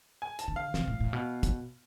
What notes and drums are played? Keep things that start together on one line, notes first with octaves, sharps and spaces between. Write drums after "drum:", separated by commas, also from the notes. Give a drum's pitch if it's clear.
G#5
A5, drum: hi-hat
D3
F5
C3, drum: snare
A2
A2
B2
drum: kick, hi-hat